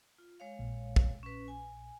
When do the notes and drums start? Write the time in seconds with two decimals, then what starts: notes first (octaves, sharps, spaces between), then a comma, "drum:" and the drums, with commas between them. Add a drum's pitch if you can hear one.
0.18 F4
0.40 G#3 C#5 F5
0.59 A#1 A#2
0.96 drum: kick
1.23 C#4 B4
1.48 G#5